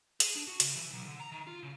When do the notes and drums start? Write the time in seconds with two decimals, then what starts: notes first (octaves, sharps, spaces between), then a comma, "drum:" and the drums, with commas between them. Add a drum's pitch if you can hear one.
0.20 G#4, drum: hi-hat
0.36 D4
0.47 F#4
0.60 C#3, drum: hi-hat
0.77 E3
0.93 B1
1.06 D3
1.20 A#5
1.32 D#3
1.47 F4
1.63 C#3